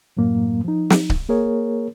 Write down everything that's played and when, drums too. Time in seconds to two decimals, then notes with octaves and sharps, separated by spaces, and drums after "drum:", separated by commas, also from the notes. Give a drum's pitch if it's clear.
0.17 F#2 A2 F#3 A#3
0.64 F3 D#4
0.90 drum: snare
1.10 drum: kick C#1
1.29 A#3 G#4 A#4 C#5